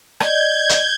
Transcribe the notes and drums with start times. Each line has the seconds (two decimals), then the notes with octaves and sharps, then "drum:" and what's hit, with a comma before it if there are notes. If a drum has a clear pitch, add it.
0.20 D5 D#5 G6 G#6, drum: rim click
0.69 drum: hi-hat